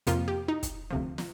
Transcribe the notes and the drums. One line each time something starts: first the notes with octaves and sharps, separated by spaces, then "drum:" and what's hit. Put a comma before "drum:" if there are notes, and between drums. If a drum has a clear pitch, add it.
F2 C3 F3 A#3 F4, drum: hi-hat
G4
D#4
drum: kick, hi-hat
D2 C3 F3
drum: snare